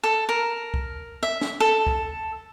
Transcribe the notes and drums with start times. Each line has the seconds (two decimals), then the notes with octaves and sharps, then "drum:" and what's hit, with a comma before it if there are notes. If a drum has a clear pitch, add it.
0.04 A4
0.29 A#4
0.74 drum: kick C2
1.23 E5
1.41 drum: snare
1.60 A4
1.87 drum: kick C2